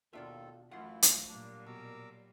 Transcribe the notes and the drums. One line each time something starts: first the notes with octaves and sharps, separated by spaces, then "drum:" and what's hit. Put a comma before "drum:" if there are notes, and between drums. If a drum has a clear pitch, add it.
D#2 B2 D#3 D4 F4 A4 E5
F#2 E3 A3 E4 F4 F#5 C6
drum: hi-hat
A#2 F#3 G3 A#3 D4
B2 A#4 D6 E6